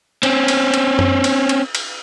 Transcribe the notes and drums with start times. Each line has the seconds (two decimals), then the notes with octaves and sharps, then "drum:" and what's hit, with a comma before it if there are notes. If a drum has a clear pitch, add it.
0.23 C4 C#4, drum: cymbal
0.48 drum: cymbal
0.74 drum: cymbal
0.99 drum: tom F#2
1.24 drum: cymbal
1.49 drum: cymbal
1.75 drum: cymbal